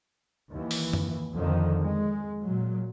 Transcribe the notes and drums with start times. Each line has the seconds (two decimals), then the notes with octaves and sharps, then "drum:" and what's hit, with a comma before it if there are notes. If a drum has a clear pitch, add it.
0.51 D#2 E3
0.71 drum: open hi-hat
0.93 drum: tom F#2
1.34 F2 D3 D#3
1.83 G#3
2.44 A#2 F#3